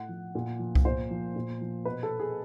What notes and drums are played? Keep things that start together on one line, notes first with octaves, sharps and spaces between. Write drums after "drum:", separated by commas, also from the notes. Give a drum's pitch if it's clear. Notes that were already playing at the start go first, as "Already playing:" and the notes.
Already playing: A2 F#5
F3
A#2
F3
drum: kick C2
A#2 C5
F3
A#2
F3
B2 B4
A4
G#4